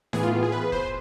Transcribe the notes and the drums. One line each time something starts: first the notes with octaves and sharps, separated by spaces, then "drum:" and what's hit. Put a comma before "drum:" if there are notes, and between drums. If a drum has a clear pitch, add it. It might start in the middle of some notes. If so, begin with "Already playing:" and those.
A2 E3 B3 G#4, drum: snare D#4
F4
F4
G#4
B4
C5, drum: kick